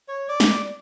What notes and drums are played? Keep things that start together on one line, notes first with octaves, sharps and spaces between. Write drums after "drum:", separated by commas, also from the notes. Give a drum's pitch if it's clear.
C#5
D5
drum: snare